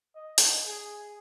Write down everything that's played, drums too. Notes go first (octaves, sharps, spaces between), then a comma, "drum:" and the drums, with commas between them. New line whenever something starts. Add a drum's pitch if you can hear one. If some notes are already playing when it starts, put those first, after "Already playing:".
D#5
drum: hi-hat
G#4